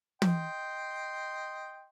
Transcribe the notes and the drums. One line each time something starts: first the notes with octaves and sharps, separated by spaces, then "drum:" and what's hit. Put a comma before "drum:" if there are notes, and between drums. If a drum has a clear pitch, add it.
D#5 G5 C6, drum: tom